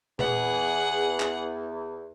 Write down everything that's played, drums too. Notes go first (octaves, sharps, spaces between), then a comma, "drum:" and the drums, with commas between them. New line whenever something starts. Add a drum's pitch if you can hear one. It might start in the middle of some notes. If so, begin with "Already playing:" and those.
E2 G#4 F#5, drum: tom A#2
drum: clap